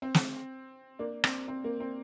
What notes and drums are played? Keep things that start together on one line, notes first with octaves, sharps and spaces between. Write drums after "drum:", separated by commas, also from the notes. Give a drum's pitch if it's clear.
C4
drum: snare
A#3 D4
C4, drum: rim click
C4
A#3
C4